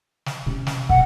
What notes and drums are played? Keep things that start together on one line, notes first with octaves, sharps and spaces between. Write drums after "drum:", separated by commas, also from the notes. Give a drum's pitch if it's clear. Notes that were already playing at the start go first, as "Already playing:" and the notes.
drum: snare
C3 C#4
drum: snare
B2 F#5, drum: kick